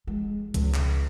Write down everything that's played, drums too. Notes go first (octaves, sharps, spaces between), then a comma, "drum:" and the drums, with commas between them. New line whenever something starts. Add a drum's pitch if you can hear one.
G#3
C#2, drum: kick B1, hi-hat
drum: clap